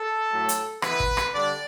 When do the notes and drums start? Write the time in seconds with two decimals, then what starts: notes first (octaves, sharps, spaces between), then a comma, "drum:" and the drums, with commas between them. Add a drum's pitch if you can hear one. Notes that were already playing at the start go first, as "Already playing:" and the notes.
Already playing: A4
0.31 A2 F#3 A3
0.49 drum: hi-hat
0.82 E3 B3 E4 B4, drum: rim click
1.00 drum: kick
1.17 drum: rim click
1.33 D3 G3 D4 D5